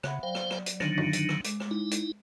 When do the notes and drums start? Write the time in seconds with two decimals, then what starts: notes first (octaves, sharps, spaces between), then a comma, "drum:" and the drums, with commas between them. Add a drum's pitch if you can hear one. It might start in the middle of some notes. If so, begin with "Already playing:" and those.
0.03 C#3 E5 F#5 B5, drum: rim click
0.23 F#3 C5 D5 F5 G5
0.35 drum: rim click
0.50 drum: rim click
0.66 drum: hi-hat
0.80 D3 D#3 F#3 D4 D#4, drum: rim click
0.97 drum: tom
1.13 drum: hi-hat
1.29 drum: rim click
1.44 G#3 D6, drum: hi-hat
1.60 drum: rim click
1.71 D#4 E4
1.91 drum: hi-hat